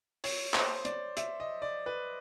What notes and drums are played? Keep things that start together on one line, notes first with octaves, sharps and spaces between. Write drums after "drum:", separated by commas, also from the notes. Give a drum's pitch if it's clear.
C#5, drum: open hi-hat
C5, drum: clap
D5, drum: hi-hat
E5, drum: hi-hat
D#5
D5
B4